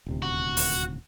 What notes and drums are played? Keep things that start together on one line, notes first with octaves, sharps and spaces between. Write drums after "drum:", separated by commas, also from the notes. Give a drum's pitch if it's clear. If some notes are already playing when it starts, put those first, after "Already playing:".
D#1 D2 C3
F#4
drum: open hi-hat